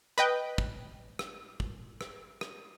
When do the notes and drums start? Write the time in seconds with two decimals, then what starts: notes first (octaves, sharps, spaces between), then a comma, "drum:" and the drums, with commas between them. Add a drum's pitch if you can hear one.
0.18 B4 D#5 G5
0.58 drum: kick
1.19 drum: rim click
1.60 drum: kick
2.01 drum: rim click
2.41 drum: rim click